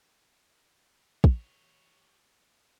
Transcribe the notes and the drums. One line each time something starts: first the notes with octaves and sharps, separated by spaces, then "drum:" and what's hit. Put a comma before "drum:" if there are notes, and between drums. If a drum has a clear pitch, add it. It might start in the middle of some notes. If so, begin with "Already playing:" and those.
G4 C#5, drum: kick